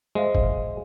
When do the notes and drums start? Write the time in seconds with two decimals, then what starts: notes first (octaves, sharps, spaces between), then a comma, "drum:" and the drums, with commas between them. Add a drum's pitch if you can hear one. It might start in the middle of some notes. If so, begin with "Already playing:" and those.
0.15 G#3 C5 E5 F5
0.35 drum: kick